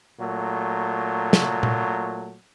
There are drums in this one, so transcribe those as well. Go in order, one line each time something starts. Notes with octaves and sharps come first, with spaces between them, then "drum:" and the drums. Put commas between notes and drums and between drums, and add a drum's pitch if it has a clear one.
A#2 F#3 A3
drum: snare
drum: tom A#2